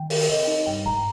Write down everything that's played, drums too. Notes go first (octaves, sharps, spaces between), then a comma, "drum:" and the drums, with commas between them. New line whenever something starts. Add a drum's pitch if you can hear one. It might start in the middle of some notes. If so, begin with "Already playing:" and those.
Already playing: D#3 G5
A#4, drum: open hi-hat
C3 D#5
D#4
G2 G5
G#2 A#5